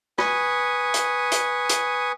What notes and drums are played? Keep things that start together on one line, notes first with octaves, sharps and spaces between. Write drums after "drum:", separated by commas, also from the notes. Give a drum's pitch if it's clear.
B4 G#5 C#6 D#6, drum: rim click
drum: hi-hat
drum: hi-hat
drum: hi-hat